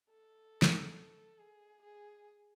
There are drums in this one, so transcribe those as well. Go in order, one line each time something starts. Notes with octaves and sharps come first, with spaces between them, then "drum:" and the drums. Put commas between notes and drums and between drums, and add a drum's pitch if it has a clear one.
A4
drum: snare
G#4
G#4